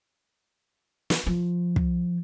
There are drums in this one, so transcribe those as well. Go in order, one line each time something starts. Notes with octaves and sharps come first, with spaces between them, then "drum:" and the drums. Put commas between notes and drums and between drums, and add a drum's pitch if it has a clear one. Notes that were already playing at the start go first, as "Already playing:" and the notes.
drum: snare
F3
drum: kick